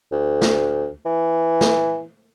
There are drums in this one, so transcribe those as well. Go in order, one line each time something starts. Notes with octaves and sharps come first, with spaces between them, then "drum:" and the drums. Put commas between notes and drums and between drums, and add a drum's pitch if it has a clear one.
D2
drum: snare
E3
drum: snare